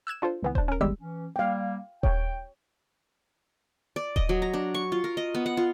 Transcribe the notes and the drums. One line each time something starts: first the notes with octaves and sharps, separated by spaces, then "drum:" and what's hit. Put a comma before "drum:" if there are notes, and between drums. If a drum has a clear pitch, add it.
E6 F#6 G#6 E7
D4 F4 A4 C5
C#2 E3 B3
D4 C5, drum: kick D#1
C#4 A#4
G#1 E2 G3 G#3 G4 E6
E3 C#4
G3 A#3 F5 G5
C#5 G5, drum: kick D#1
D5
D#5, drum: kick D#1
F#3
A#5
D4
C#6
F4
A#4
D#5
B3
F#5
F4